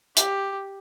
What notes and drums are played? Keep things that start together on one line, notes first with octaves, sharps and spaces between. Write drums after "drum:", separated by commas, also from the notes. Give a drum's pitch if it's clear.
G4, drum: hi-hat